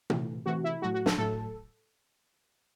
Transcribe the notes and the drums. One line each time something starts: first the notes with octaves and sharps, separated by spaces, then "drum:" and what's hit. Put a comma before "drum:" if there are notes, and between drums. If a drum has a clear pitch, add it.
C3 E3 A3, drum: tom A#2
C3 E3 A3 F#4
E4
A2 F#3 A3 F#4
F#4
A4, drum: snare
A2 F#3 A3 A4